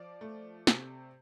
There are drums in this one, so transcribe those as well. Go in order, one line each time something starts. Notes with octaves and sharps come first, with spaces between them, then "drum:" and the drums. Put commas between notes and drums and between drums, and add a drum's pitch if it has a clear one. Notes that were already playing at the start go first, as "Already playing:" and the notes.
Already playing: F3 D5
A3
C3, drum: snare